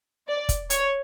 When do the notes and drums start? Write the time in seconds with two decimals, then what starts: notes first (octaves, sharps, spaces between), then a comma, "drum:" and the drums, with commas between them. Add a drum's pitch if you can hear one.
0.28 D5
0.49 drum: kick, hi-hat
0.70 C#5, drum: hi-hat